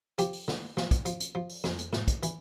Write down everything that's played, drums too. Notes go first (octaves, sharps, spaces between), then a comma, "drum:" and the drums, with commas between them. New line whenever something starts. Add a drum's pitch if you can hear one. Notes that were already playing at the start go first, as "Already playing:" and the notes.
F3 G4, drum: hi-hat
drum: open hi-hat
D3, drum: snare
F3, drum: snare
drum: kick, hi-hat
F3, drum: hi-hat
drum: hi-hat
F3
drum: open hi-hat
F2, drum: snare
drum: hi-hat
A2, drum: snare
drum: kick, hi-hat
E3, drum: hi-hat